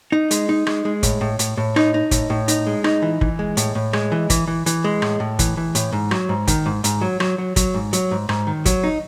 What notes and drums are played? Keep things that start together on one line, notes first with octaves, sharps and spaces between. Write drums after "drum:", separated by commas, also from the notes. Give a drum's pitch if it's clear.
D#4
G#3, drum: hi-hat
D#4
G#3, drum: rim click
G#3
A2, drum: kick, hi-hat
A2
A2, drum: hi-hat
A2
D#4, drum: rim click
D#4
A2, drum: kick, hi-hat
A2
D#4, drum: hi-hat
G#3
D#4, drum: rim click
E3
E3, drum: kick
G#3
A2, drum: hi-hat
A2
G#3, drum: rim click
E3
E3, drum: kick, hi-hat
E3
E3, drum: hi-hat
G#3
A2, drum: rim click
A2
E3, drum: kick, hi-hat
E3
A2, drum: hi-hat
G#2
F#3, drum: rim click
G#2
D#3, drum: kick, hi-hat
G#2
G#2, drum: hi-hat
F#3
F#3, drum: rim click
F#3
F#3, drum: kick, hi-hat
G#2
F#3, drum: hi-hat
G#2
G#2, drum: rim click
D#3
F#3, drum: kick, hi-hat
D#4